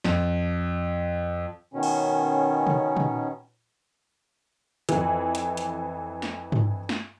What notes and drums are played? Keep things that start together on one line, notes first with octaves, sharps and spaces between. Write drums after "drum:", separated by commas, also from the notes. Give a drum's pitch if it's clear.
F2, drum: snare
B2 D#3 C#4
drum: cymbal
drum: tom
drum: tom
F2 E3, drum: hi-hat
drum: hi-hat
drum: hi-hat
drum: snare
drum: tom
drum: snare